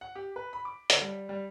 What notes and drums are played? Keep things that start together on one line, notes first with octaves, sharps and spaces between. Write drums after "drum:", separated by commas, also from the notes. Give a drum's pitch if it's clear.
F#5
G4
B4
B5
D6
D3, drum: hi-hat
G3
G3